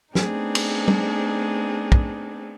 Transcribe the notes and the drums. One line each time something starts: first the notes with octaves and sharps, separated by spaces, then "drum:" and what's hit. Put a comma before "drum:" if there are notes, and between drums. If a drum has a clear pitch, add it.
A3 B3 C4 D4 D#4 G#4, drum: snare
drum: cymbal
drum: tom
drum: kick